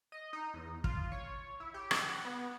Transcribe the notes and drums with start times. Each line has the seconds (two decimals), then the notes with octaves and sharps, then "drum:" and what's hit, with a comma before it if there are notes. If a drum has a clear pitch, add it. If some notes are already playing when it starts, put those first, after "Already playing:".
0.12 D#5
0.33 D#4
0.54 E2
0.84 F4, drum: kick
1.12 C#5
1.60 E4
1.74 G4
1.91 drum: rim click
2.01 F#5
2.25 B3